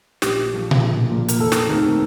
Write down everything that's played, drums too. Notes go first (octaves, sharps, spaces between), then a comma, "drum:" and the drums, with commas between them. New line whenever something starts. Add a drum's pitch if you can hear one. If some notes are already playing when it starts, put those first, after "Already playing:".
A#1 G4, drum: snare
A#2 F3 A#3
drum: tom A#2
A#1
A#2 F3 A#3
A#4, drum: hi-hat
F1 A4
drum: snare
D#2 D#3 A3 C4 A#4